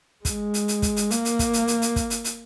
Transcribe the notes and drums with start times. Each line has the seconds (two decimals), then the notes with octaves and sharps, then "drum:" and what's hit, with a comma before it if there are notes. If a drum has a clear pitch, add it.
0.25 G#3, drum: kick, hi-hat
0.54 drum: hi-hat
0.68 drum: hi-hat
0.82 drum: kick, hi-hat
0.96 drum: hi-hat
1.11 A#3, drum: hi-hat
1.25 drum: hi-hat
1.39 drum: kick, hi-hat
1.53 drum: hi-hat
1.68 drum: hi-hat
1.82 drum: hi-hat
1.96 drum: kick, hi-hat
2.10 drum: hi-hat
2.24 drum: hi-hat